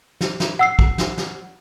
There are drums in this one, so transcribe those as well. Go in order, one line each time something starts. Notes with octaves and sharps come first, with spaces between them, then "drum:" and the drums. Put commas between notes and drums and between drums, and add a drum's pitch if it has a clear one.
drum: snare
drum: snare
F#5 E6 C7
drum: kick
drum: snare
drum: snare